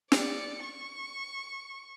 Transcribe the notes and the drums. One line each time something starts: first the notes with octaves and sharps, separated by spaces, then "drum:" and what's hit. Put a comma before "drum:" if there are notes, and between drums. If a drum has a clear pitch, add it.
D5 C#7, drum: snare
C#6